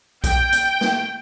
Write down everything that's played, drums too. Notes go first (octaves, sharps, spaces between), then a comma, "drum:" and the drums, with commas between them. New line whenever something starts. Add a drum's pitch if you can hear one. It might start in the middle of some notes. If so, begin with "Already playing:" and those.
G5, drum: kick B1, hi-hat
drum: hi-hat
drum: snare